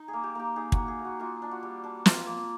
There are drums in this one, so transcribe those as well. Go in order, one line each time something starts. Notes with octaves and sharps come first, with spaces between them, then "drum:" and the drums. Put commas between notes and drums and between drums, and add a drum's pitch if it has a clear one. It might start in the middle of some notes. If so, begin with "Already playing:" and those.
Already playing: D#4
G#4
A#3
G4
A#3 G4
D#4 G#4
A#3 F#4, drum: kick
G#4
A#3
F#4
A#3 F4
D4
F#4
G3
D4
F4, drum: snare
A#3